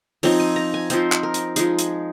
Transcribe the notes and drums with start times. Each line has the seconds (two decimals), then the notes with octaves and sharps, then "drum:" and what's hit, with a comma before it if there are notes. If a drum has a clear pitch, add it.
0.23 F3 C4 D#4 C#5, drum: open hi-hat
0.40 G#5
0.56 A#5
0.74 G#5
0.90 F3 C4 D#4 C5, drum: hi-hat
1.12 drum: clap
1.23 A#4
1.34 drum: hi-hat
1.56 F3 G#3 D#4 G#4, drum: hi-hat
1.79 drum: hi-hat